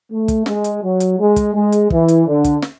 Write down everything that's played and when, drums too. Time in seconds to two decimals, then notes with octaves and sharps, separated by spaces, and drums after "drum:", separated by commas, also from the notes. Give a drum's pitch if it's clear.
0.11 A3
0.28 drum: kick, hi-hat
0.46 G#3, drum: snare
0.64 drum: hi-hat
0.82 F#3
1.00 drum: hi-hat
1.19 G#3
1.36 drum: kick, hi-hat
1.54 G#3
1.72 drum: hi-hat
1.90 E3, drum: kick
2.08 drum: hi-hat
2.27 D3
2.44 drum: kick, hi-hat
2.62 drum: snare